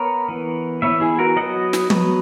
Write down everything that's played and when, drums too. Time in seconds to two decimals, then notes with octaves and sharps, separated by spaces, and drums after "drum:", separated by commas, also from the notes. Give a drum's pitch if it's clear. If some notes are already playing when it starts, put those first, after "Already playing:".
Already playing: B3 A#4 C#5
0.29 E3 B3
0.82 E3 B3 C#5 E5
1.00 E4 G#4
1.18 F#4 A#4
1.36 F#3 B3 D#5 F#5
1.73 drum: snare
1.90 F#3 B3, drum: tom